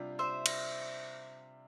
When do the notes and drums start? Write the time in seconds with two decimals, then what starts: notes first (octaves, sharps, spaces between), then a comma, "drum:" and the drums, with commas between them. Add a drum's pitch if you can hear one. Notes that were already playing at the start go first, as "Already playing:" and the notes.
Already playing: C3 G3 D4 F4
0.19 C5 E5
0.46 drum: cymbal